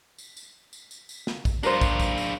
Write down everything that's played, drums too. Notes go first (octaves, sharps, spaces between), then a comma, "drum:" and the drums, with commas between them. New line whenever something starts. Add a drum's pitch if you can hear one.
drum: tambourine
drum: tambourine
drum: tambourine
drum: tambourine
drum: tambourine
drum: snare
drum: kick, tambourine
D4 F4 A#4 C5, drum: tambourine
drum: kick, tambourine
drum: kick, tambourine
drum: tambourine